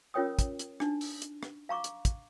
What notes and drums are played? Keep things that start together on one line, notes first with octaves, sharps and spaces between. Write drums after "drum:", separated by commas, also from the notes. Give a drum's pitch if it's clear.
C#4 F4 A#4 C#5 G5 D#6
drum: kick, hi-hat
drum: hi-hat
D4 D#4, drum: rim click
drum: open hi-hat
drum: hi-hat
drum: rim click
F5 A#5 C#6 D6
drum: hi-hat
drum: kick, hi-hat